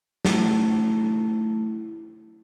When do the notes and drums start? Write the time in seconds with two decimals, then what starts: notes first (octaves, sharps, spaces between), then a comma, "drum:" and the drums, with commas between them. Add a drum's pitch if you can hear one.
0.25 A3 E4, drum: snare